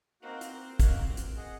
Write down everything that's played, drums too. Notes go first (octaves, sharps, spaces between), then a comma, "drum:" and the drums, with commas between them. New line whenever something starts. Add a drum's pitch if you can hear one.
A#3 C4 D#4 F#4 A#4
drum: hi-hat
A#3 C4 D#4 F#4 A#4, drum: kick, hi-hat
drum: hi-hat
G#4 D#5 F#5